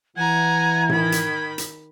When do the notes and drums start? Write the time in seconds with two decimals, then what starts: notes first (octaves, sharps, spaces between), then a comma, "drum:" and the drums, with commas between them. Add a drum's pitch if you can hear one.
0.17 E3 F#5 G#5 A#5 G#6
0.89 D#3 B5, drum: tom A2
1.12 drum: hi-hat
1.58 drum: hi-hat